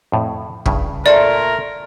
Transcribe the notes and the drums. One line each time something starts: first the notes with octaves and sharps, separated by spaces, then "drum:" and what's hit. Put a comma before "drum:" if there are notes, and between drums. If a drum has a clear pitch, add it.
F2 A2
G2 C#3 E4, drum: kick
A#2 A3 A#4 D5